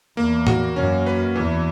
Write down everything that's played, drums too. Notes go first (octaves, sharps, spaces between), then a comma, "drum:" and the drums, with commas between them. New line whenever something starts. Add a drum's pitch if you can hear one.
E2 A#3
F#4, drum: tom A2
F#2 C#4
B4
E2 E3